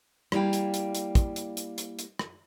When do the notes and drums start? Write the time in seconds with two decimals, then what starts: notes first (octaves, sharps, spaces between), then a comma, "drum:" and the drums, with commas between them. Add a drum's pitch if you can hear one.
0.32 G3 A#3 E4 F5 G5, drum: rim click
0.53 drum: hi-hat
0.74 drum: hi-hat
0.95 drum: hi-hat
1.15 drum: kick, hi-hat
1.36 drum: hi-hat
1.57 drum: hi-hat
1.78 drum: hi-hat
1.99 drum: hi-hat
2.19 drum: rim click